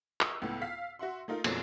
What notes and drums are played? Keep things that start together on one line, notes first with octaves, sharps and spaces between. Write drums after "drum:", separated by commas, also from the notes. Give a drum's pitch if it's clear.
C#6 D#6 E6, drum: clap
C#2 A2 B3
F5 B6
F#4 E5 F#5 C6
A3 D#4 F4 A#4
F#2 B2 F3 F#3 A3 C4, drum: cymbal